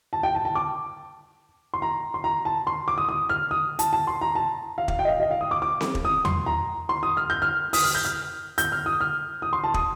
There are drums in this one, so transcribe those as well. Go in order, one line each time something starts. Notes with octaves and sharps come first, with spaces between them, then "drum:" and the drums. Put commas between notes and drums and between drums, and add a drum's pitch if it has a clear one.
A5
G5
A5
A5
D6
C6
A#5
C6
A#5
A5
C6
D6
D#6
D#6
F6
D#6
A5, drum: hi-hat
A5
C6
A#5
A5
F5
F5, drum: kick
G5
D#5
F5
D#5
F5
D#6
D6
D6
drum: snare C4
drum: kick
D#6
C6, drum: tom E2
A#5
C6
D#6
F6
G6
F6
D#6, drum: open hi-hat
F6
G6
F6
G6, drum: hi-hat
F6
D#6
F6
D#6
C6
A5
D#6, drum: kick